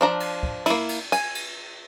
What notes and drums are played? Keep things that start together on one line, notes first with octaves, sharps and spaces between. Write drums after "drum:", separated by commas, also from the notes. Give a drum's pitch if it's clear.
F3 D4 A#5
drum: cymbal
drum: kick D2
A#3 E4, drum: cymbal
drum: cymbal
G#5, drum: cymbal
drum: cymbal